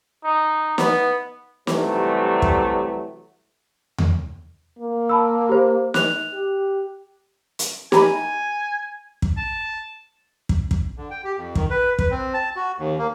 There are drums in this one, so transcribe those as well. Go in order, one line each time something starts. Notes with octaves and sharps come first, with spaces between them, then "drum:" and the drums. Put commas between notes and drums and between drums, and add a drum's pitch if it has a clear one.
D#4
B3, drum: snare
C3 E3 F#3 G3 A3, drum: snare
drum: kick
drum: tom E2
A#3
A5 B5 E6
G4 C5
F#6 F7, drum: snare
G4
drum: hi-hat
G4 G#5 A#5 B5, drum: snare
drum: kick
A5
drum: kick
drum: kick
D3
G5
G4
F2
D#3, drum: kick
B4
B4, drum: kick
C4
A5
F#4
D#2
A#3